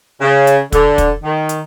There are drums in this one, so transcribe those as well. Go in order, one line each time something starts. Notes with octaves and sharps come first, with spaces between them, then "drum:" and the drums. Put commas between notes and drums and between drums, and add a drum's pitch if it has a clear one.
C#3
drum: hi-hat
D3, drum: kick, hi-hat
drum: kick, hi-hat
D#3
drum: hi-hat